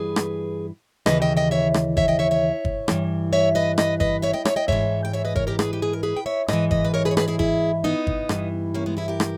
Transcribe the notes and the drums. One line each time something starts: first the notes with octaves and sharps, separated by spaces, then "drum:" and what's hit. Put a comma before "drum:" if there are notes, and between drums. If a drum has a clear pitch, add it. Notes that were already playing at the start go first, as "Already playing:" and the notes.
Already playing: G2 E3 G#4 B4
drum: rim click
D#2 C#3 E3 B4 D#5, drum: rim click
D#5 G5
D#5 G5
C#5 E5
drum: rim click
C#5 E5, drum: kick G1
D#5 G5
C#5 E5
C#5 E5
drum: kick G1
G2 E3, drum: rim click
C#5 E5
B4 D#5
B4 D#5, drum: rim click
B4 D#5, drum: kick G1
C#5 E5
D#5 G5
C#5 E5, drum: rim click
D#5 G5
G#2 E3 C#5 E5, drum: kick G1
G5
C#5 E5
B4 D#5
A#4 C#5, drum: kick G1
G4 A#4
G#4 B4, drum: rim click
G4
G#4
A#4
G#4 B4
G5
C#5 E5
G#2 E3 B4 D#5, drum: rim click
B4 D#5, drum: kick G1
B4
A#4 C#5
G#4 B4
C#5
G#4 B4, drum: rim click
E4 G#4
E4 G#4, drum: kick G1
B3 D#4
drum: kick G1
G2 E3, drum: rim click
A#3 C#4
G#3 B3
E4 G#4
G4 A#4
drum: rim click